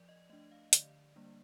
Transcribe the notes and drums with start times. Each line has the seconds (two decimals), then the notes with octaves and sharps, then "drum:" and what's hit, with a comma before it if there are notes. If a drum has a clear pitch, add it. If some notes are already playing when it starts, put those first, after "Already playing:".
Already playing: F3 D5
0.09 D#5
0.30 A3 D4 D#5
0.52 F5
0.73 D3 D5, drum: hi-hat
1.16 G3 A#3 D4